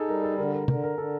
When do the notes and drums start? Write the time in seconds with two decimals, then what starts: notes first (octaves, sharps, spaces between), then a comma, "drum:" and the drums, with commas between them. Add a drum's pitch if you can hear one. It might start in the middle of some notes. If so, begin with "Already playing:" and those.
Already playing: D#4 G#4 A4
0.08 G3 A#4
0.23 A4
0.38 D3 A#4
0.53 A#4
0.68 D3 A#4, drum: tom
0.83 A#4
0.98 D3 A4